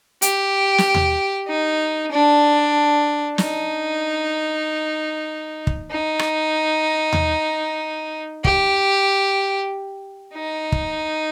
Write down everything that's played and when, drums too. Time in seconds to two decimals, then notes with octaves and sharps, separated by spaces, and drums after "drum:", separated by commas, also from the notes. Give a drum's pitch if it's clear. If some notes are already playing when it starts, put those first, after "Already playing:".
0.22 G4, drum: hi-hat
0.78 drum: snare
0.95 drum: tom D#2
1.48 D#4
2.11 D4
3.38 D#4, drum: snare
5.67 drum: kick
5.91 D#4
6.19 drum: rim click
7.13 drum: tom D#2
8.45 G4, drum: kick
10.34 D#4
10.72 drum: kick